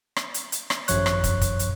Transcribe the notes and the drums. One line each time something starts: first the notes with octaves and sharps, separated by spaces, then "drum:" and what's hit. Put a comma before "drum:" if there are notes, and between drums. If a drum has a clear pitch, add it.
drum: rim click
drum: hi-hat
drum: hi-hat
drum: rim click
G#1 F#2 F3 C#5 C#6 F#6, drum: hi-hat
drum: rim click
drum: kick, hi-hat
drum: kick, hi-hat
drum: hi-hat